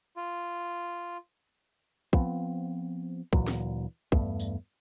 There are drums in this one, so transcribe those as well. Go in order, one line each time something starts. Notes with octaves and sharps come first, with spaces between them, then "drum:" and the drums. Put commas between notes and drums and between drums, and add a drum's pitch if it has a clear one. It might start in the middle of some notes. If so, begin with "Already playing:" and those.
F4
F3 B3 C4, drum: kick
D2 A#2 E3 F#3, drum: kick
drum: snare
E2 G2 A3 B3, drum: kick
drum: tambourine